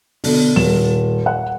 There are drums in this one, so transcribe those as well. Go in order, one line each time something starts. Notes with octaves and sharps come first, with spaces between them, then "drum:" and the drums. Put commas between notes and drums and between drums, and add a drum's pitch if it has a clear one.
B2 D3, drum: open hi-hat
D#1 E7
F#5